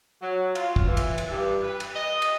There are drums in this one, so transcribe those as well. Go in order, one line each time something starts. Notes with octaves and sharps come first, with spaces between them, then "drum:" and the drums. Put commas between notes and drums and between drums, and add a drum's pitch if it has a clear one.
F#3
F4, drum: cymbal
drum: kick
E3
drum: cymbal
drum: cymbal
G2
B4
drum: cymbal
D#5
drum: cymbal